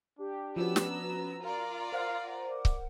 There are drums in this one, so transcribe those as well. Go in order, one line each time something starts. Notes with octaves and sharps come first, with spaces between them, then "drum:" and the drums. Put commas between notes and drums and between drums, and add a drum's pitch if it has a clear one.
D4 G4
F3 B3 C#4 F#4 E6
drum: snare
A#5
F4 A#4 D5
A#4 C5 F5 F#5
D5
drum: kick C#1